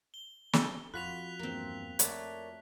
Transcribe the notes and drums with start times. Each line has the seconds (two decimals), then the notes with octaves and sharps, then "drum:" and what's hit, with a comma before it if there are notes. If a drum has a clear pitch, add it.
0.14 G7
0.53 A4, drum: snare
0.94 F2 F4 F#4 B5 F#6 B6 F7
1.39 E2 G2 A#3 C4
1.99 A3 A#4 C#5 D5, drum: hi-hat